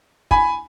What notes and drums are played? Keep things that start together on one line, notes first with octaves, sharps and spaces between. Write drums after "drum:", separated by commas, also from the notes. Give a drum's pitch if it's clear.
G#5 B5, drum: kick